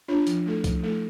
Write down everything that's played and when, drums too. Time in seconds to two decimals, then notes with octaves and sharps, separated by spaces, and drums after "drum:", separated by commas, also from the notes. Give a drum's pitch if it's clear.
0.08 D4 F4 C#5
0.27 F3, drum: hi-hat
0.46 A3 E4 A4
0.64 F3, drum: kick C2, hi-hat
0.83 A3 E4 A4